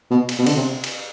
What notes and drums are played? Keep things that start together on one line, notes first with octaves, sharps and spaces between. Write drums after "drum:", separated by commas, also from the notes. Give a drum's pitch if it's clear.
B2
drum: cymbal
B2
D3, drum: cymbal
C3
drum: cymbal